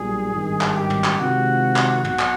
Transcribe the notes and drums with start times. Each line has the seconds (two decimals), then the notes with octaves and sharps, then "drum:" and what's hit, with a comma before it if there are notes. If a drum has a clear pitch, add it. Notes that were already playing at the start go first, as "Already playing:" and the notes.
Already playing: B1 A#2 G3 G#4
0.32 G#1 G2 D#3
0.61 drum: clap
0.75 G4
0.90 drum: tom
1.04 drum: clap
1.18 C3 D#3 G#3 C4 F4 F#4
1.76 drum: clap
2.04 B1 B2 F#4, drum: tom
2.19 drum: clap